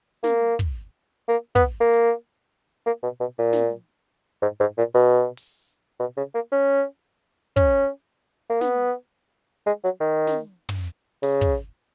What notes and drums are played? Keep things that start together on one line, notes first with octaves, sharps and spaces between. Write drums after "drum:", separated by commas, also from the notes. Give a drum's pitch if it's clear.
A#3, drum: snare
drum: kick
A#3
B3, drum: kick
A#3
drum: hi-hat
A#3
B2
B2
A#2
drum: snare
G#2
G#2
A#2
B2
drum: open hi-hat
B2
C#3
A#3
C#4
C#4, drum: kick
A#3
B3, drum: snare
G#3
F#3
D#3
drum: snare
drum: tom
C#3, drum: open hi-hat
drum: kick